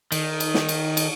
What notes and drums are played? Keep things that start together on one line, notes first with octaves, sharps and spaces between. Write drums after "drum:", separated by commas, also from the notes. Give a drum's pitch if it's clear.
D#3, drum: cymbal
drum: cymbal
drum: snare
drum: cymbal
drum: cymbal